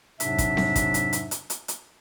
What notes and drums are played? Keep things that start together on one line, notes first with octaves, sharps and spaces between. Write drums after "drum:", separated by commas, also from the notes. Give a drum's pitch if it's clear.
F2 G#2 C3 F#3 D4 E5, drum: hi-hat
drum: kick, hi-hat
drum: snare C4
drum: kick, hi-hat
drum: hi-hat
drum: hi-hat
drum: hi-hat
drum: hi-hat
drum: hi-hat